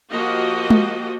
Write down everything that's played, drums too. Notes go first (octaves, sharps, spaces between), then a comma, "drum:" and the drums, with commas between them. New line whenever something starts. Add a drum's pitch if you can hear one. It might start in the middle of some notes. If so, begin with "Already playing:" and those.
F3 A#3 F#4 G4 D#5
drum: tom G#3